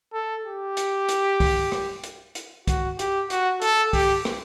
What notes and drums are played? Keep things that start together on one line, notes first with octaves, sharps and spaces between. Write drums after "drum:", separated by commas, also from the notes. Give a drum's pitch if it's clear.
A4
G4
drum: hi-hat
drum: hi-hat
drum: kick C2, open hi-hat
drum: rim click
drum: hi-hat
drum: hi-hat
F#4, drum: kick C2, hi-hat
G4, drum: hi-hat
F#4, drum: hi-hat
A4, drum: hi-hat
G4, drum: kick C2, open hi-hat
drum: rim click